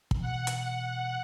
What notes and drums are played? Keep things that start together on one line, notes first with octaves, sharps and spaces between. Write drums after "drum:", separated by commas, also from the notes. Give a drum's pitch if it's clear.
drum: kick
B2 E3 F#5
drum: hi-hat